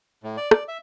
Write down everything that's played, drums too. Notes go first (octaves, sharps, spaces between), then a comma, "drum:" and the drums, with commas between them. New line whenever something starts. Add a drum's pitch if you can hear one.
A2
D5
D5, drum: rim click
E5